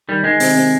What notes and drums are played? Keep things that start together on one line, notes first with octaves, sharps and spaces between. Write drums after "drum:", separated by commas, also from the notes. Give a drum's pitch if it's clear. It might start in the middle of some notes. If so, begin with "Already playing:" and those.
D#3 G3
D#3 G#3
C3, drum: open hi-hat
C3